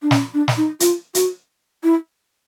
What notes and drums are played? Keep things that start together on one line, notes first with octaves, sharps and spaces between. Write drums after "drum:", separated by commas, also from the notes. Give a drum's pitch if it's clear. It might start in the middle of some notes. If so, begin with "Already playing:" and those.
D4
C#4, drum: snare
D4
drum: snare
D#4
F4, drum: hi-hat
F#4, drum: hi-hat
E4